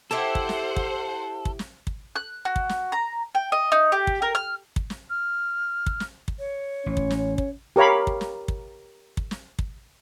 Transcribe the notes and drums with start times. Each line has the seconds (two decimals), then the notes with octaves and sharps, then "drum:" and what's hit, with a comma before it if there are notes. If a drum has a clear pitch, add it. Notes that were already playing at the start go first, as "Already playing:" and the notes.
0.11 E4 G4 A4 C5 E5 F#5
0.35 drum: kick
0.49 drum: snare
0.76 drum: kick
1.45 drum: kick
1.59 drum: snare
1.87 drum: kick
2.16 F#6
2.45 F#4
2.56 drum: kick
2.69 drum: snare
2.92 A#5
3.35 G5
3.52 D#5
3.72 D#4
3.92 G4
4.07 drum: kick
4.22 A#4
4.35 F6
4.76 drum: kick
4.90 drum: snare
5.10 F6
5.86 drum: kick
6.00 drum: snare
6.28 drum: kick
6.39 C#5
6.86 A1 C#4
6.97 drum: kick
7.10 drum: snare
7.38 drum: kick
7.76 G4 A#4 C#5 F5 B5
8.07 drum: kick
8.21 drum: snare
8.48 drum: kick
9.17 drum: kick
9.31 drum: snare
9.59 drum: kick